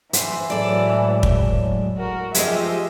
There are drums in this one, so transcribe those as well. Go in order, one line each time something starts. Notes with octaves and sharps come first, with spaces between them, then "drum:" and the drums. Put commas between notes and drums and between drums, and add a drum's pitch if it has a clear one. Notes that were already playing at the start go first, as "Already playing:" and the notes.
E3 C5, drum: hi-hat
A2 F#3 G#3 A4 D5
drum: kick
F#4 A#4
F3 G#3 F4 G4 G#4 D#5 E5, drum: hi-hat